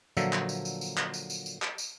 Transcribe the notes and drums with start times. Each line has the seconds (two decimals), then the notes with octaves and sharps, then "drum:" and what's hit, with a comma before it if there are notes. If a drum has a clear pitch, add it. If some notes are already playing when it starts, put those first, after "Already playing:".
0.17 A#2 D3 F3 F#3 E5, drum: tambourine
0.33 drum: clap
0.49 drum: tambourine
0.65 drum: tambourine
0.81 drum: tambourine
0.97 drum: clap
1.14 drum: tambourine
1.30 drum: tambourine
1.46 drum: tambourine
1.62 drum: clap
1.78 drum: tambourine